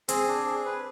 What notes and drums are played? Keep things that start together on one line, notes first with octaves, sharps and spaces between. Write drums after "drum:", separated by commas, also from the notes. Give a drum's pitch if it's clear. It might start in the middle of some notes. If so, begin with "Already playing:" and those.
C4 G#4, drum: hi-hat
D4
G#4
B4